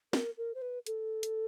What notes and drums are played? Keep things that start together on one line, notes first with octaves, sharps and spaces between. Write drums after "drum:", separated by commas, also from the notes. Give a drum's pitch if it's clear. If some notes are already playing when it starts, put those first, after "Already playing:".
A#4, drum: snare
A#4
C5
B4
A4, drum: hi-hat
drum: hi-hat